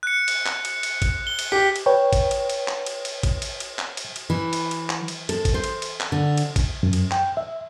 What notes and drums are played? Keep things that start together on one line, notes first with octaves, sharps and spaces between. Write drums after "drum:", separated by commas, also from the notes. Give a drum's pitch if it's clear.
F#6 C#7
drum: cymbal
drum: clap
drum: cymbal
drum: cymbal
drum: kick, cymbal
G7
drum: cymbal
G4 B6
drum: cymbal
B4 C#5 G5
drum: kick, cymbal
drum: cymbal
drum: cymbal
drum: clap
drum: cymbal
drum: cymbal
drum: kick, cymbal
drum: cymbal
drum: cymbal
drum: clap
drum: cymbal
drum: cymbal
E3
drum: cymbal
drum: cymbal
drum: clap
drum: cymbal
A4, drum: cymbal
drum: kick, cymbal
C5
drum: cymbal
drum: cymbal
drum: clap
D3
drum: cymbal
drum: kick, cymbal
F#2
drum: cymbal
G5, drum: clap
E5